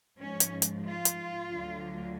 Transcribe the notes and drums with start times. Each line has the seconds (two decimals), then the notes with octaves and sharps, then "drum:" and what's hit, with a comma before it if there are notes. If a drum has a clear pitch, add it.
0.19 G#2 F3 C#4
0.40 drum: hi-hat
0.62 drum: hi-hat
0.84 F4
1.05 drum: hi-hat
1.49 D2 D3 F#3